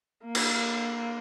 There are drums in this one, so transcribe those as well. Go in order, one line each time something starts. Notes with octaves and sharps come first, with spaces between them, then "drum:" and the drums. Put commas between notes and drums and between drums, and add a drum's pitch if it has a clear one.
A#3
drum: cymbal